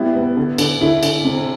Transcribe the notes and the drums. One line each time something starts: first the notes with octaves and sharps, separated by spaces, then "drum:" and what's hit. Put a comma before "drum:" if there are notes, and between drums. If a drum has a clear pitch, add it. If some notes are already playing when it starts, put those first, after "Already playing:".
Already playing: G3 B3 E4
B3
D3
D3, drum: cymbal
D3 E4
D3, drum: cymbal
C3